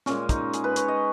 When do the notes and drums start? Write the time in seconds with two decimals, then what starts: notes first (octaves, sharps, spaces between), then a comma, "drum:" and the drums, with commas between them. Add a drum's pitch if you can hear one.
0.06 A#2 G#3 C#4, drum: snare
0.29 D#4, drum: kick, hi-hat
0.54 G#4, drum: hi-hat
0.64 B4
0.76 C#5, drum: hi-hat
0.88 D#5